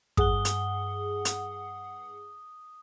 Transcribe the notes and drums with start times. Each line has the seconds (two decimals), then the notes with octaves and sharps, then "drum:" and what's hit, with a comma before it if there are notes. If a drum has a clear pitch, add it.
0.17 G2 G#4 F#5 D#6 G7, drum: kick
0.45 drum: hi-hat
1.25 drum: hi-hat